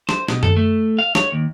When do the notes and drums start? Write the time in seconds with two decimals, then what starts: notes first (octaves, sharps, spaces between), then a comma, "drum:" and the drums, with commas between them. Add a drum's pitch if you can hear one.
0.09 C5, drum: snare
0.28 B2, drum: snare
0.43 A4, drum: tom F#2
0.57 A3
0.99 F5
1.15 C#5, drum: snare
1.32 D#2